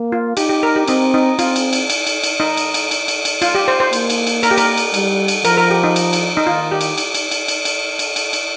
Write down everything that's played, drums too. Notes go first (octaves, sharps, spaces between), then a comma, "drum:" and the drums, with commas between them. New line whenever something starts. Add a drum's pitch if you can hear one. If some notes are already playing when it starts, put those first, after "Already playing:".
Already playing: A#3
F4
D#4 G4, drum: cymbal
G4
A#4
G4
C4 D#4, drum: cymbal
D#4
C4 F4, drum: cymbal
drum: cymbal
drum: cymbal
drum: cymbal
drum: cymbal
drum: cymbal
D#4
drum: cymbal
drum: cymbal
drum: cymbal
drum: cymbal
drum: cymbal
F4, drum: cymbal
G4
C5
C5
A#3, drum: cymbal
drum: cymbal
drum: cymbal
A#4, drum: cymbal
G4
A#4, drum: cymbal
drum: cymbal
G3, drum: cymbal
drum: cymbal
F3 A#4, drum: cymbal
A#4
G4
D#4
drum: cymbal
drum: cymbal
D#4
D#3 F4
G4
drum: cymbal
drum: cymbal
drum: cymbal
drum: cymbal
drum: cymbal
drum: cymbal
drum: cymbal
drum: cymbal
drum: cymbal